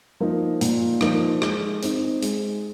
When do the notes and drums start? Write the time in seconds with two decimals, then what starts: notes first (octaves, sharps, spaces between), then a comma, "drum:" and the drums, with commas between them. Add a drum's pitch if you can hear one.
0.20 F3 A#3 D#4
0.61 A#2, drum: hi-hat
1.01 F3 A#3 D#4, drum: rim click
1.42 G#3, drum: rim click
1.82 C4 D#4, drum: hi-hat
2.22 G#3, drum: hi-hat